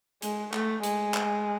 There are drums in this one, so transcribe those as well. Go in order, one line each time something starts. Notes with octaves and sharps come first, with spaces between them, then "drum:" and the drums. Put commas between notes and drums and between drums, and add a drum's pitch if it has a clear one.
G#3, drum: hi-hat
A3, drum: clap
G#3, drum: hi-hat
drum: clap